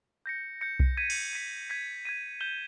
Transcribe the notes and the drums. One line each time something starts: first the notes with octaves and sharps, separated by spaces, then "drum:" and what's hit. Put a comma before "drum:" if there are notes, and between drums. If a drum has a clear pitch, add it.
G6 A#6 C#7
G6 A#6 C#7
drum: kick B1
G#6 B6 D#7
drum: cymbal
G#6 B6 D#7
G#6 B6 D#7
G#6 B6 D#7
G6 B6 E7 G7